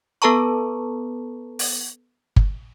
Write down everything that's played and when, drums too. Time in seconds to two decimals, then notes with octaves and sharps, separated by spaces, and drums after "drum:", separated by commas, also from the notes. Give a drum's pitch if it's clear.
0.22 B3 A4 B4 A5 A#5 C#6
1.59 drum: open hi-hat
2.36 drum: kick G1